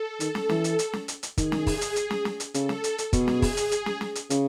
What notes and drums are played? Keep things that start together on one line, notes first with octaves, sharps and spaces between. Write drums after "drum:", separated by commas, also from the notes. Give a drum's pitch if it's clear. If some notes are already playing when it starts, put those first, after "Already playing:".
Already playing: A4
D#3, drum: hi-hat
drum: snare
E3, drum: snare
drum: hi-hat
drum: hi-hat
drum: snare
drum: hi-hat
drum: hi-hat
D#3 G#4, drum: kick, hi-hat
drum: snare
drum: kick, open hi-hat
drum: hi-hat
drum: hi-hat
drum: snare
drum: snare
drum: hi-hat
C#3 A4, drum: hi-hat
drum: snare
drum: hi-hat
drum: hi-hat
B2 G#4, drum: kick, hi-hat
drum: snare
drum: kick, open hi-hat
drum: hi-hat
drum: hi-hat
drum: snare
drum: snare
drum: hi-hat
C#3, drum: hi-hat